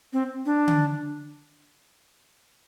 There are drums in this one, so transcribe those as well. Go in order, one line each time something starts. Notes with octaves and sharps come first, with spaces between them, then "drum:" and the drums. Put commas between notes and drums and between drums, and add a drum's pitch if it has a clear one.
C4
D4
drum: tom D3